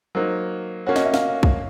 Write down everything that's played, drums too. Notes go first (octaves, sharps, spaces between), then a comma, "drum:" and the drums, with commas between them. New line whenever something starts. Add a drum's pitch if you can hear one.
F#3 A#3 D#4 C5
A#3 C#4 F#4 C#5
D#5, drum: snare
E5
F5, drum: snare
drum: kick